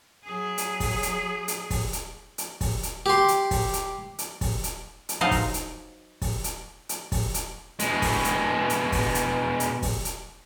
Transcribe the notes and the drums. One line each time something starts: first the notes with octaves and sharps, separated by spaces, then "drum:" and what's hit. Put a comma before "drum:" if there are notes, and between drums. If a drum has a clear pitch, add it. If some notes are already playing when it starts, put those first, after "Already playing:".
F#3 G#4
drum: hi-hat
drum: kick, open hi-hat
drum: hi-hat
drum: hi-hat
drum: kick, open hi-hat
drum: hi-hat
drum: hi-hat
drum: kick, open hi-hat
drum: hi-hat
G4 C6
drum: hi-hat
drum: kick, open hi-hat
drum: hi-hat
drum: hi-hat
drum: kick, open hi-hat
drum: hi-hat
drum: hi-hat
F#3 D#4 C5 D#5 F5 A5
drum: kick, open hi-hat
drum: hi-hat
drum: kick, open hi-hat
drum: hi-hat
drum: hi-hat
drum: kick, open hi-hat
drum: hi-hat
B2 G#3, drum: hi-hat
drum: kick, open hi-hat
drum: hi-hat
drum: hi-hat
drum: kick, open hi-hat
drum: hi-hat
drum: hi-hat
drum: kick, open hi-hat
drum: hi-hat